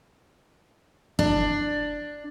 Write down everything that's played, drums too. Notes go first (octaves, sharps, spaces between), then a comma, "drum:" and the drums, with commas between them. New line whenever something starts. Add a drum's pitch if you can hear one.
D4, drum: kick